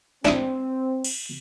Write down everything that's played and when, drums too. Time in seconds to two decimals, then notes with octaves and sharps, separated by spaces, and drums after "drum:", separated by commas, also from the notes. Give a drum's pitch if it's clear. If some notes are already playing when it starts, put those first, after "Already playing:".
0.25 C4 D4 E4 D#6, drum: snare
1.04 drum: cymbal